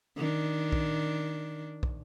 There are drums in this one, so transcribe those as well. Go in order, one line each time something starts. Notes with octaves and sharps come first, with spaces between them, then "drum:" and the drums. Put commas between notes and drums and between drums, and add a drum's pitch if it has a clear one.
D#3 D4
drum: kick
drum: kick